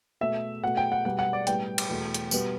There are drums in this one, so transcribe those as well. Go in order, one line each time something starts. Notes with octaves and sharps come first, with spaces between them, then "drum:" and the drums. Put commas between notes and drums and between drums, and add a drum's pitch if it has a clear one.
B2 A3 E5
B2 A3 F#5
G5
F#5
B2 G3 B3 F#5
F#5
D5
A2 G3 B3 G5, drum: hi-hat
drum: cymbal
E2 B2 A3
drum: hi-hat
B2 G3 B3, drum: tambourine